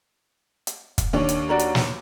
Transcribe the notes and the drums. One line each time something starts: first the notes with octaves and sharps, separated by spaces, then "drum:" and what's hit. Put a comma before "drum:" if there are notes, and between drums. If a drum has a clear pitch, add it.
drum: hi-hat
drum: kick, hi-hat
D#2 D4 C#5
drum: hi-hat
F#4 D5 A#5
drum: hi-hat
drum: snare